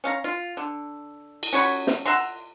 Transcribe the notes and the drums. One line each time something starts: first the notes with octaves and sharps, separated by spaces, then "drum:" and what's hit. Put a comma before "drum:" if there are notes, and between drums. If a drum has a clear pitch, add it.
C#4 F5 A#5
F4
D3
drum: cymbal
C#4 F#4 C#5 B5
drum: snare
E5 F#5 A#5 C6